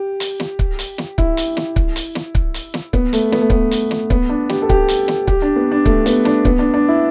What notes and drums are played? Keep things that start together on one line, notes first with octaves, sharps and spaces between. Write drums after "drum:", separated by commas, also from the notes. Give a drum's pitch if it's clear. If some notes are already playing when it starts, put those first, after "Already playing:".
Already playing: G4
drum: hi-hat
drum: snare
drum: kick C#1
drum: hi-hat
drum: snare
E4, drum: kick C#1
drum: hi-hat
drum: snare
drum: kick C#1
drum: hi-hat
drum: snare
drum: kick C#1
drum: hi-hat
drum: snare
B3, drum: kick C#1
A3, drum: hi-hat
B3, drum: snare
A3
B3, drum: kick C#1
drum: hi-hat
drum: snare
B3, drum: kick C#1
D4
G4, drum: snare
A4
G4, drum: kick C#1
drum: hi-hat
drum: snare
G4, drum: kick C#1
D4
B3
D4
A3, drum: kick C#1
B3, drum: hi-hat
D4, drum: snare
B3, drum: kick C#1
D4
D4
E4